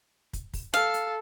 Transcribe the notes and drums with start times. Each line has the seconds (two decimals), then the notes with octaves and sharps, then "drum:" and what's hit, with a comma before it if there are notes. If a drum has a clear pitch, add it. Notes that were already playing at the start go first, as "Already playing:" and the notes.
0.33 drum: kick, hi-hat
0.54 drum: kick, open hi-hat
0.74 A4 F5, drum: hi-hat
0.94 drum: hi-hat